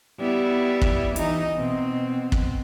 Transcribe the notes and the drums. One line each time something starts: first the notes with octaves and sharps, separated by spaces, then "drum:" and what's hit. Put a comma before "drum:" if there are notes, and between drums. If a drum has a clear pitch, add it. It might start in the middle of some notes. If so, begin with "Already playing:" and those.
G3 B3 E4
drum: kick
E3 D#4, drum: hi-hat
B2 C4
drum: kick